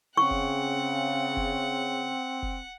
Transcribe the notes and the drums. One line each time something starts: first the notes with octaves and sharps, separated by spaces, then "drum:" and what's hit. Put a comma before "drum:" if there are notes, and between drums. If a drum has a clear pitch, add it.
C#3 C4 F#5 C#6
drum: kick F1
drum: kick F1
drum: kick F1